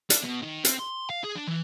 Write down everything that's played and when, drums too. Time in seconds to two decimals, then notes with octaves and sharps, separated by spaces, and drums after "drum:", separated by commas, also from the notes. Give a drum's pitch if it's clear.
0.10 D4, drum: hi-hat
0.23 B2
0.43 D#3
0.65 C4, drum: hi-hat
0.79 C6
1.10 F5
1.24 G#4
1.35 D4
1.47 E3